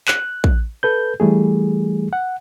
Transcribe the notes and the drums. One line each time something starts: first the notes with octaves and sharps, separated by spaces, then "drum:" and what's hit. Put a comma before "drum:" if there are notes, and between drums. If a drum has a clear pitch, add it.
F#6, drum: clap
drum: kick
A4 B4 G6
E3 G3 A3 G#4
F#5